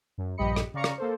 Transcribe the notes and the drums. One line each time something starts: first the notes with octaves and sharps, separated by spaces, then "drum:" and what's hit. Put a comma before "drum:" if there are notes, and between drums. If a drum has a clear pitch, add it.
F#2
A#1 G2 G4 D#5 B5 C#7
drum: rim click
C#3 D5 F5 A#5 C#6 C#7
drum: rim click
A#3 A4 C5